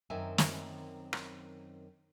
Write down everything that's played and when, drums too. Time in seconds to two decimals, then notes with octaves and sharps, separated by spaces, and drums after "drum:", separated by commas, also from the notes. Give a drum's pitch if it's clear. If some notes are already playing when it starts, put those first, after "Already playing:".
0.10 F#2 D#3 C4 E5 G#5
0.38 drum: snare
1.13 drum: rim click